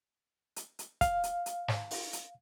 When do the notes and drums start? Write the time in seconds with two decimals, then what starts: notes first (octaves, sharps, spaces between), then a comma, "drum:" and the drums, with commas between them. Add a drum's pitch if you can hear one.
0.56 drum: hi-hat
0.79 drum: hi-hat
1.01 F5, drum: kick, hi-hat
1.23 drum: hi-hat
1.46 drum: hi-hat
1.68 drum: snare
1.91 drum: open hi-hat
2.13 drum: hi-hat